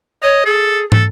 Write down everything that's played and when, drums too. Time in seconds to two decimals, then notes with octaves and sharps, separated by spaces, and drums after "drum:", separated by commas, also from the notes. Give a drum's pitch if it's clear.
0.23 C#5 D#5
0.45 G#4 A4
0.92 A4, drum: tom